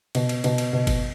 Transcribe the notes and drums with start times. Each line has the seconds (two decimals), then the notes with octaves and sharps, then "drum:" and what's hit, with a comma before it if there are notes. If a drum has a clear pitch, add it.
0.15 B2, drum: cymbal
0.29 drum: cymbal
0.44 B2, drum: cymbal
0.58 drum: cymbal
0.73 B2
0.87 drum: kick, cymbal